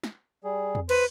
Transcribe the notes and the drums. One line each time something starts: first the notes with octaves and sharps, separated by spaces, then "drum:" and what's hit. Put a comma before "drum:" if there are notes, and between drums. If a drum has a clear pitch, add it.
drum: snare
G3 G#4
drum: tom E2
B4 C5, drum: cymbal